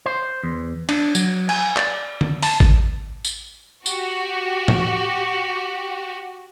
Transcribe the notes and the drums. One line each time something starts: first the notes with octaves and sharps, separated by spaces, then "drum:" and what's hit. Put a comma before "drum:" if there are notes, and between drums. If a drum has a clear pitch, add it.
C5
E2
D4, drum: cymbal
F#3, drum: tambourine
G#5, drum: cymbal
D5, drum: clap
drum: tom D3
A5, drum: open hi-hat
drum: kick G#1
drum: tambourine
F#4 G4, drum: tambourine
drum: tom A2